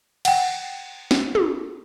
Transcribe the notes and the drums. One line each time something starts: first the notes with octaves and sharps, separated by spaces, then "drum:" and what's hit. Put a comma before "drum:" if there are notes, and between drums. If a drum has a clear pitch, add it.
F#5 G5, drum: cymbal
drum: snare
drum: tom